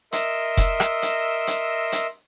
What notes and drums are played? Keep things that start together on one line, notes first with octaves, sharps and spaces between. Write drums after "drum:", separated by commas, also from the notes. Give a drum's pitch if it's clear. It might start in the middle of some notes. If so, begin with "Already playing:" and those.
A#4 D#5 E5 C6 E6, drum: hi-hat
drum: kick F1, hi-hat
drum: rim click
drum: hi-hat
drum: hi-hat
drum: hi-hat